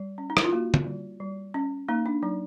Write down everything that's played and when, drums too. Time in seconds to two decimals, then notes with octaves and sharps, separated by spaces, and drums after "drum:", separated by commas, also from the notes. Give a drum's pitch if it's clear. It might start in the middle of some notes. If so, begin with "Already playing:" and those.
Already playing: G3
0.18 C#4
0.30 D#4
0.37 E4, drum: rim click
0.44 F4
0.52 A#3 F#4
0.74 drum: tom D3
0.86 G3
1.20 G3
1.54 C#4
1.89 A#3 D#4
2.06 D4
2.23 F#3 D#4